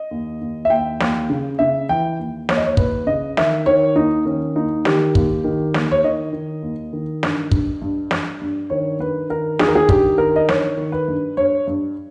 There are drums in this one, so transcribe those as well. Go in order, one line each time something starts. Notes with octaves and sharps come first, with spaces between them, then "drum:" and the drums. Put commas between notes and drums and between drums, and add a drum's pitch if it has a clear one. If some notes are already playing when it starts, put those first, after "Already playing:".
Already playing: D#5
D#2
D#2
E5
D#2 G5
D#2, drum: snare
C#3
C#3 E5
E3 G5
D#2
D#2 C#5, drum: snare
D#5
C#5
D#2 B4, drum: kick
C#3 D#5
D#3 E5, drum: snare
D#3 C#5
D#2 D#4
D#3 C#4
D#2 D#4
D#3 G4, drum: snare
D#2, drum: kick
D#3
D#2, drum: snare
C#5
D#3 D#5
D#3
D#2
D#3
G2, drum: snare
G2, drum: kick
G2
G2, drum: snare
G2
D#3 C#5
G2 B4
D#3 A#4
D#3 G#4, drum: snare
A#4
G#4
G2 G4, drum: kick
D#3 A#4
D#5
G2 C#5, drum: snare
D#3
B4
G2
G2 C#5
G2